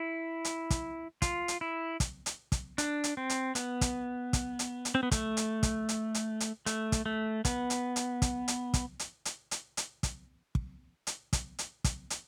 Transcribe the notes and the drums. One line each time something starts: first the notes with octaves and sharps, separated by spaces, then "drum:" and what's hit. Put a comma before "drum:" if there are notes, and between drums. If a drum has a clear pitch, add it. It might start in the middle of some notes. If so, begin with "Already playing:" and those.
Already playing: E4
drum: hi-hat
drum: kick, hi-hat
F4, drum: kick, hi-hat
drum: hi-hat
E4
drum: kick, hi-hat
drum: hi-hat
drum: kick, hi-hat
D4, drum: hi-hat
drum: hi-hat
C4
drum: hi-hat
B3, drum: hi-hat
drum: kick, hi-hat
drum: kick, hi-hat
drum: hi-hat
drum: hi-hat
C4
B3
A3, drum: kick, hi-hat
drum: hi-hat
drum: kick, hi-hat
drum: hi-hat
drum: hi-hat
drum: hi-hat
A3, drum: hi-hat
drum: kick, hi-hat
A3
B3, drum: kick, hi-hat
drum: hi-hat
drum: hi-hat
drum: kick, hi-hat
drum: hi-hat
drum: kick, hi-hat
drum: hi-hat
drum: hi-hat
drum: hi-hat
drum: hi-hat
drum: kick, hi-hat
drum: kick
drum: hi-hat
drum: kick, hi-hat
drum: hi-hat
drum: kick, hi-hat
drum: hi-hat